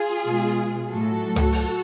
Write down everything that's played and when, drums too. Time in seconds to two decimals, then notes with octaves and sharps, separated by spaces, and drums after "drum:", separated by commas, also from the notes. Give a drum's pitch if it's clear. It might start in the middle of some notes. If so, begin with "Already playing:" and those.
Already playing: F4 G#4
0.24 B2 G#3
0.91 A2 F#3 F#4 A4
1.36 drum: tom C#2
1.52 drum: open hi-hat